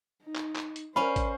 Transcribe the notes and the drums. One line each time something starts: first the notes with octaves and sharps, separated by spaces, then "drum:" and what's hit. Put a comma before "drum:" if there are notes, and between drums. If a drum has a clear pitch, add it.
D#4
drum: clap
drum: clap
drum: hi-hat
C#4 A#4 C5 D5 F5 B5
drum: kick, hi-hat